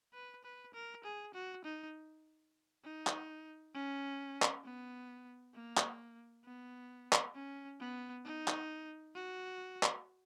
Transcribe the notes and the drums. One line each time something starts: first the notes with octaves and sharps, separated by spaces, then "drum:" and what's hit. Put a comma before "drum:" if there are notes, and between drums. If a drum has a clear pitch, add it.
B4
B4
A#4
G#4
F#4
D#4
D#4
drum: clap
C#4
drum: clap
B3
A#3
drum: clap
B3
drum: clap
C#4
B3
D#4
drum: clap
F#4
drum: clap